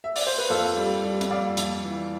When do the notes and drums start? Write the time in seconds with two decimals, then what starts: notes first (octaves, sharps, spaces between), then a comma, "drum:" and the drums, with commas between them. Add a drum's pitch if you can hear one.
0.04 E5
0.16 D5, drum: open hi-hat
0.27 C5
0.38 B4
0.50 F2 F4 A4
0.77 G3
1.04 G3
1.21 drum: hi-hat
1.31 F2 D5 F5
1.57 F2, drum: hi-hat
1.84 E3